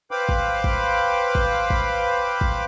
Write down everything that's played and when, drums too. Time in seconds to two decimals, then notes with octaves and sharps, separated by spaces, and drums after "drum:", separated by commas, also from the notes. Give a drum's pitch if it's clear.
0.11 B4 C5 F5 G5 B5 D6
0.29 drum: kick G#1
0.64 drum: kick G#1
1.35 drum: kick G#1
1.70 drum: kick G#1
2.41 drum: kick G#1